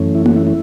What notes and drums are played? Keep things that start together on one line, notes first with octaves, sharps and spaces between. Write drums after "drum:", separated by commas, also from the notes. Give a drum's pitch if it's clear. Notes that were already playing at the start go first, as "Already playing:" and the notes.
Already playing: F#2 E3 A3 C#4
E4
F#4, drum: tom A#3
E4
E4